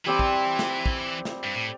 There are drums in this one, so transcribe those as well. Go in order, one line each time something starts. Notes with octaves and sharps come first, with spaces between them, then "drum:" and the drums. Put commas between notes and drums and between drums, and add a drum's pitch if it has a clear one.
E3 G3 C4 G4 D5
drum: kick
drum: snare
drum: kick
drum: snare
G2
A2